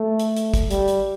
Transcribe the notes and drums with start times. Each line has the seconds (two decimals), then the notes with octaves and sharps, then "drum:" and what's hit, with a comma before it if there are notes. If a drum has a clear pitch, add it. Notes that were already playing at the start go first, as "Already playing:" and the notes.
Already playing: A3
0.19 drum: hi-hat
0.37 drum: hi-hat
0.54 drum: kick, hi-hat
0.71 G3, drum: hi-hat
0.88 drum: hi-hat